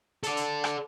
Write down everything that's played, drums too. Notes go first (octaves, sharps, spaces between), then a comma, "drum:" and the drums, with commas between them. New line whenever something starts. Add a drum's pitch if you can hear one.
A4 D5, drum: hi-hat
drum: hi-hat
drum: rim click